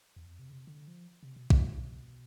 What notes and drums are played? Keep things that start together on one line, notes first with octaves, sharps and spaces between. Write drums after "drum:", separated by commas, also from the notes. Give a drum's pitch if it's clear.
E2
F2
C3
D3
C3
D3
F3
C3
B2
B2, drum: kick